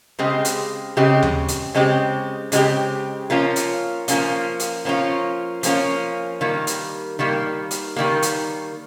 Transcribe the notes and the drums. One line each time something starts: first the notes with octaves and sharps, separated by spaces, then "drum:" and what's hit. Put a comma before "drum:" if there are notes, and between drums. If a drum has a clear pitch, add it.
C#3 G#3 C4 G4
drum: hi-hat
C#3 G#3 C4 G4
drum: tom D#2
drum: hi-hat
C#3 G#3 C4 G4
C#3 G#3 C4 G4, drum: hi-hat
F3 A#3 C#4 F4
drum: hi-hat
F3 A#3 C#4 F4, drum: hi-hat
drum: hi-hat
F3 A#3 C#4 F4
F3 A#3 C#4 F4, drum: hi-hat
D#3 G3 A#3
drum: hi-hat
D#3 G3 A#3
drum: hi-hat
D#3 G3 A#3
drum: hi-hat